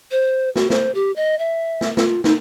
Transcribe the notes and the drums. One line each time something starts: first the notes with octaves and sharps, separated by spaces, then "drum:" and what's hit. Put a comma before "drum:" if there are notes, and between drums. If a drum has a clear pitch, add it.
C5
F#4, drum: snare
C5, drum: snare
G4
D#5
E5
drum: snare
F4, drum: snare
D#4, drum: snare